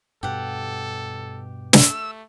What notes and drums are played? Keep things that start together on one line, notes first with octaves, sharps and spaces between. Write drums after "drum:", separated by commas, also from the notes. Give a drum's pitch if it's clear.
G2 B2 G4 A4 F#5
A3 E6, drum: snare